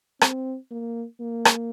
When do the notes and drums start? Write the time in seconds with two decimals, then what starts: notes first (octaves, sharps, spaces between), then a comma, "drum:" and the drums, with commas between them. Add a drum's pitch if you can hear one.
0.21 C4, drum: rim click
0.71 A#3
1.20 A#3
1.45 drum: rim click